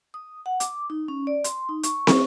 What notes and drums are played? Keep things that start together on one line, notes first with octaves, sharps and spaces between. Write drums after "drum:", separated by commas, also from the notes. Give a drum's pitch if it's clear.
D#6
F#5
D6, drum: hi-hat
D#4
C#4
D5
C6, drum: hi-hat
D#4
C#6, drum: hi-hat
drum: snare